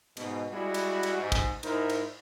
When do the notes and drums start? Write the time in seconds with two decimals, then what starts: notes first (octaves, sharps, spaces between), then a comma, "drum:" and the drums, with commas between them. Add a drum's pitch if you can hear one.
0.17 G#2 B2, drum: cymbal
0.50 G3 G#3 E4 F#4
0.74 drum: cymbal
1.03 drum: cymbal
1.17 G#2
1.32 drum: kick, cymbal
1.63 G#2 D#4 E4 A#4 C5, drum: cymbal
1.89 drum: cymbal